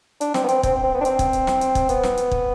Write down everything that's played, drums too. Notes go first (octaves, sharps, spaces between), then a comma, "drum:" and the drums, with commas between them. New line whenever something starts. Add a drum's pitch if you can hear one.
D4, drum: hi-hat
C4, drum: snare
B3
C4, drum: hi-hat
C4, drum: kick, hi-hat
C4
C4
B3
D4
C4, drum: hi-hat
drum: kick, hi-hat
drum: hi-hat
drum: snare
drum: hi-hat
drum: kick, hi-hat
B3, drum: hi-hat
drum: snare
drum: hi-hat
drum: kick